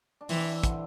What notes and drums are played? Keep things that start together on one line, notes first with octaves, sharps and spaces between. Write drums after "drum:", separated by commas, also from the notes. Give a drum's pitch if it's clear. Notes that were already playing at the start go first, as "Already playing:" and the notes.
D4
E3 C4, drum: open hi-hat
E3
E3
D3, drum: kick, hi-hat